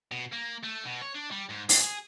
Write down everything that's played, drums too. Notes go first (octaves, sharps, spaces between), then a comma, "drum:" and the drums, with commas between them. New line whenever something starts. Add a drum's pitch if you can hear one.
B2
A#3
A3
B2
C#5
D4
G3
G#2
G#2, drum: open hi-hat
G#4